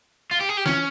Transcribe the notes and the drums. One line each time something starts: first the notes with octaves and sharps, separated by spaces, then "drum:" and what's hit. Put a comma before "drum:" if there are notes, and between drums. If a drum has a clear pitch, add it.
F4
G4
G#4
G4
C#4, drum: snare